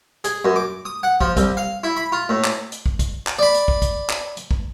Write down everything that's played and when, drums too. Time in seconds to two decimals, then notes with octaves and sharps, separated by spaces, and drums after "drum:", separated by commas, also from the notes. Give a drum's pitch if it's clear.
0.24 G#4, drum: hi-hat
0.45 F#2
0.56 D6
0.85 D#6
1.03 F#5
1.21 F3, drum: kick
1.37 C2, drum: kick, hi-hat
1.57 F5
1.84 E4
1.97 B5
2.12 F4
2.29 A2
2.44 drum: clap
2.72 drum: hi-hat
2.86 drum: kick
2.99 drum: kick, hi-hat
3.27 drum: clap
3.39 D5 B5
3.54 drum: hi-hat
3.68 drum: kick
3.82 drum: kick, hi-hat
4.09 drum: clap
4.37 drum: hi-hat
4.51 drum: kick